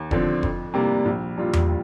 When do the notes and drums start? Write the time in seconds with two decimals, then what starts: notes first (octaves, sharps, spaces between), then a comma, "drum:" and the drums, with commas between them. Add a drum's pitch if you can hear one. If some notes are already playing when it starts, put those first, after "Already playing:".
Already playing: D#2
0.11 D3 F3 C4, drum: kick F1
0.43 F2, drum: kick F1
0.74 C3 G3 A#3 D4
1.05 A#1
1.37 A#2 G3 D4 F4
1.53 drum: tom E2